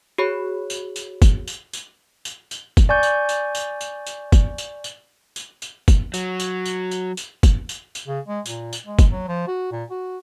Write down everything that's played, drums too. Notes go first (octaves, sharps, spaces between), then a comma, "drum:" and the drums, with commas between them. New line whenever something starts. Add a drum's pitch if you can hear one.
F#4 G#4 C#5 B5
drum: tambourine
drum: tambourine
drum: kick, tambourine
drum: tambourine
drum: tambourine
drum: tambourine
drum: tambourine
drum: kick, tambourine
D5 G#5 C#6 G6
drum: tambourine
drum: tambourine
drum: tambourine
drum: tambourine
drum: tambourine
drum: kick, tambourine
drum: tambourine
drum: tambourine
drum: tambourine
drum: tambourine
drum: kick, tambourine
F#3, drum: tambourine
drum: tambourine
drum: tambourine
drum: tambourine
drum: tambourine
drum: kick, tambourine
drum: tambourine
drum: tambourine
C#3
G#3
A#2, drum: tambourine
drum: tambourine
G#3
drum: kick, tambourine
F#3
F3
F#4
A#2
F#4